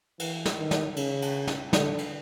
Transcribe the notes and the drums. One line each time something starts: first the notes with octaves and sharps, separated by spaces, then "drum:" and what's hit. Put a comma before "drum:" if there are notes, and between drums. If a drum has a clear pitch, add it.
E3, drum: cymbal
drum: snare
D#3
drum: snare
C#3, drum: cymbal
drum: cymbal
drum: snare
D3, drum: snare
drum: cymbal